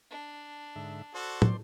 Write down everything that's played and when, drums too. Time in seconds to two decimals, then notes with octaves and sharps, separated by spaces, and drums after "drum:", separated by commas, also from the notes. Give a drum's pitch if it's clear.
0.10 D4
0.76 G#2 D3 E5
1.14 F#4 A4 C5 D5 C6
1.42 drum: tom